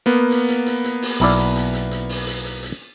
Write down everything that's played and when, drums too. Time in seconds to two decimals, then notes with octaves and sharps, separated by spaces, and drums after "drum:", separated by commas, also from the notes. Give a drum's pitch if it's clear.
0.06 A#3 B3
0.31 drum: hi-hat
0.49 drum: hi-hat
0.66 drum: hi-hat
0.84 drum: hi-hat
1.02 drum: open hi-hat
1.20 B1 E4 D5, drum: hi-hat
1.38 drum: hi-hat
1.56 drum: hi-hat
1.74 drum: hi-hat
1.91 drum: hi-hat
2.09 drum: open hi-hat
2.27 drum: hi-hat
2.45 drum: hi-hat
2.63 drum: hi-hat